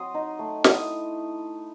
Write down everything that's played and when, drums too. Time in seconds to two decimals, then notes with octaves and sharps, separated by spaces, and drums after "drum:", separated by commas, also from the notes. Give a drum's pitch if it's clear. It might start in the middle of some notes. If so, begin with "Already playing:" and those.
Already playing: F#3 C4 C6 D#6
0.14 D#4
0.39 A3
0.64 E4 D#6, drum: snare